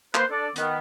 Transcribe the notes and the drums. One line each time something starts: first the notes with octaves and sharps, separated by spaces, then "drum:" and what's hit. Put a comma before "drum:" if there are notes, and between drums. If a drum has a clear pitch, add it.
A#3 B4 C5, drum: clap
D4 A4 D5
D#3 B3, drum: hi-hat